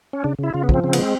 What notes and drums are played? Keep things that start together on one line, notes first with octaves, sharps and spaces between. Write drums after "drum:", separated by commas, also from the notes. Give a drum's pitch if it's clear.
C#4
C#3 D4
C#3 E4
C#3 F4
B3
F3 C4, drum: kick
C#3 C4
B3, drum: cymbal
G#3 C4